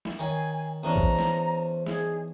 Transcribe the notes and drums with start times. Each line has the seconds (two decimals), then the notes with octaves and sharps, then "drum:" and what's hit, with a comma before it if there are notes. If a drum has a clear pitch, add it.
0.05 drum: snare
0.19 D#3 C#5 G#5
0.84 E2 C#4 D4 C5 A#5
0.96 drum: kick A#1
1.19 drum: snare
1.87 D#4 G#4 C5 C#5, drum: snare